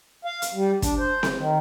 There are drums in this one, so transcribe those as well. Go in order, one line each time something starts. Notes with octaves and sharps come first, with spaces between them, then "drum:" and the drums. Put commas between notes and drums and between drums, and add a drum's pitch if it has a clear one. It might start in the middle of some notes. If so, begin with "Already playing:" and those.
F5
drum: hi-hat
G3
D4, drum: kick, hi-hat
C5
drum: snare C4
D#3